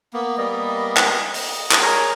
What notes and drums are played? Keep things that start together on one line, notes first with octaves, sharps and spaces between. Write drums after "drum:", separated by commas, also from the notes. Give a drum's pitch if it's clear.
A#3 B3
G3 A#3 B3 D#5
drum: clap
D#5, drum: open hi-hat
drum: clap
G#4 A#4 C#5 A#5